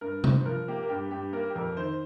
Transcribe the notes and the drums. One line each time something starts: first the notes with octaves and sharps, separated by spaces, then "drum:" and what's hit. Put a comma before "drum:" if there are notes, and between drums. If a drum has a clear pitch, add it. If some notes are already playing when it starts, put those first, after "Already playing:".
G2 A#4
G2 C5, drum: tom C3
F3 A#4
A#3 G4
A#4
G2 G4
G2 G4
A#3 A#4
G4
F2 A#4
D#3 C5